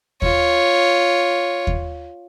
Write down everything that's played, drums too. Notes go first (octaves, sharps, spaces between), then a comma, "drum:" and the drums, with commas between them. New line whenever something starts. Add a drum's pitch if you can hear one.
F4 C#5, drum: kick D#2
drum: kick D#2